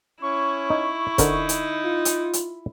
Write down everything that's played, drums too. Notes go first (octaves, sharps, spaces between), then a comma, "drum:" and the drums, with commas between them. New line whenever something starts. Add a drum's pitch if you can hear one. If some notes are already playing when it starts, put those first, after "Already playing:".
C#4 E4 C#6
D#4
D3 D#4 A#4 C5, drum: kick, hi-hat
drum: hi-hat
F4
drum: hi-hat
drum: hi-hat